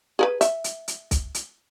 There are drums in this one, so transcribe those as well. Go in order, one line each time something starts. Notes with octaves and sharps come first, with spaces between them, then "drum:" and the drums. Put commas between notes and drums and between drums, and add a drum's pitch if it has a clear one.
G#4 A#4 B4
E5, drum: hi-hat
drum: hi-hat
drum: hi-hat
drum: kick, hi-hat
drum: hi-hat